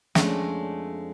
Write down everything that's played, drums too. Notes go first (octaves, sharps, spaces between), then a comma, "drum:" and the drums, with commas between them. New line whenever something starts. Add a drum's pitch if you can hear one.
F2 G#3 A3 C#4 D4, drum: snare